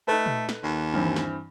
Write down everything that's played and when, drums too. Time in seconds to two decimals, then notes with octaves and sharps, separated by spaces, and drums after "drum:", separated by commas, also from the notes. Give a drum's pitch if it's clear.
0.08 A3 D#4 A4 B4
0.26 drum: tom A#2
0.49 drum: snare
0.63 D#2
0.94 G2 E3 C4, drum: tom E3
1.16 drum: snare